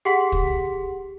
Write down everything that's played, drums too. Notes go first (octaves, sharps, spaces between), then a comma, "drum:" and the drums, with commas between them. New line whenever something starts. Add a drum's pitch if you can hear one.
G4 G#4 F#5 C6 B6
drum: kick